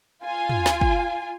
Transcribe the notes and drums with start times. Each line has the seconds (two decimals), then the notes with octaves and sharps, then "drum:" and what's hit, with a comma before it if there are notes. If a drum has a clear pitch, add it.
0.24 F4 G#5
0.49 drum: tom
0.66 drum: snare
0.81 drum: kick